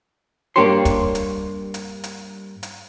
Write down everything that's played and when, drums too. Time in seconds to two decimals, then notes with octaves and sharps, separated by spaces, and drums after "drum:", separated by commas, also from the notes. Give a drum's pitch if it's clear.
0.56 G2 A#3 D4 G4 C#5 C6
0.85 drum: kick, hi-hat
1.15 drum: hi-hat
1.74 drum: hi-hat
2.04 drum: hi-hat
2.63 drum: hi-hat